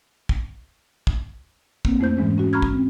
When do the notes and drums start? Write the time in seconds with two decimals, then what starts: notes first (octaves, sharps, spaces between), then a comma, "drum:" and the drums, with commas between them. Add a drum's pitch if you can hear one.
0.29 drum: kick
1.07 drum: kick
1.85 A#3 C4, drum: kick
2.00 F2 A3 E4 C5 G6
2.17 G#2 E3 G#3 C#4
2.38 C#4 F#4
2.53 A#5 B5 C#6 F6 G#6
2.62 drum: kick
2.73 C4